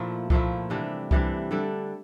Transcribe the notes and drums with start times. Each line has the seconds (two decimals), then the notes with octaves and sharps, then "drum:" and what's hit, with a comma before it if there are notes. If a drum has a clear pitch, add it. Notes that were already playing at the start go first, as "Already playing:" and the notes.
Already playing: A#2 F3 A3 E4
0.30 A#2 F3 A3 E4, drum: kick C2
0.70 C3 E3 G3 D4
1.11 C3 E3 G3 D4, drum: kick C2
1.51 D3 G3 D4 A4